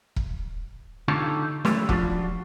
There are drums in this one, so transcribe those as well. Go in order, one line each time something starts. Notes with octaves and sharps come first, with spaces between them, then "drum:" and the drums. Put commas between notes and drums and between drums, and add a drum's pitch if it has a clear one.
drum: kick E1
D3 D#4 F4 G4 A4 C#5
F#3 A3 C#4 E4 G4 B4, drum: snare C#4
F3 G3 D4 F4 F#4, drum: kick E1